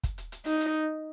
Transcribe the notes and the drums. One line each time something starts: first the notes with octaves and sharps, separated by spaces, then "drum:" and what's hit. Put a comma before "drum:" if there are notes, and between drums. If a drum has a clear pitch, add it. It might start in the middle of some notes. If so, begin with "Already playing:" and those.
drum: kick, hi-hat
drum: hi-hat
drum: hi-hat
D#4, drum: hi-hat
drum: hi-hat